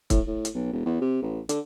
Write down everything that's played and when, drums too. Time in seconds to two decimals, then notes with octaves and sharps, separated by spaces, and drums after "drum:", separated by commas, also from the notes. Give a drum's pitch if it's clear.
0.10 A2, drum: kick, hi-hat
0.27 A2
0.45 drum: hi-hat
0.55 B1
0.73 E1
0.86 E2
1.01 C3
1.23 A1
1.49 D3, drum: hi-hat